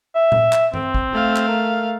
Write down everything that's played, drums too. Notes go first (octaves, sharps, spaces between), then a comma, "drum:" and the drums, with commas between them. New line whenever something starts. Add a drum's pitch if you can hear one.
E5
drum: tom A#2
drum: clap
C4, drum: tom G2
drum: kick
A3 F5
drum: clap
A#4